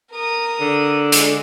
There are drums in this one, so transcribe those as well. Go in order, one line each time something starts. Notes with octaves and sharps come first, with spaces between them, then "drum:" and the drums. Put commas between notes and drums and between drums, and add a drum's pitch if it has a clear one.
A#4 D#6
D3
G#3, drum: hi-hat